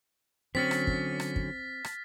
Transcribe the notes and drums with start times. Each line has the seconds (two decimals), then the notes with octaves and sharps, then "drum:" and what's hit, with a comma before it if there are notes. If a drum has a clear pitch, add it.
0.55 D3 F#3 C4 C#4 F6 A6 B6
0.71 drum: rim click
0.87 drum: kick
1.20 drum: rim click
1.36 drum: kick
1.84 drum: rim click